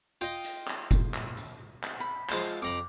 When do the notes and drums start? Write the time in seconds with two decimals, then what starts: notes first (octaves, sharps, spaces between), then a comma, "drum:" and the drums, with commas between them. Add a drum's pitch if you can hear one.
0.21 F4 D#5 G5
0.44 drum: hi-hat
0.68 drum: clap
0.91 drum: kick F1, hi-hat
1.14 drum: clap
1.37 drum: hi-hat
1.84 drum: clap
2.00 B5
2.30 F3 G#3 C5, drum: clap
2.62 F2 A#5 B5 D6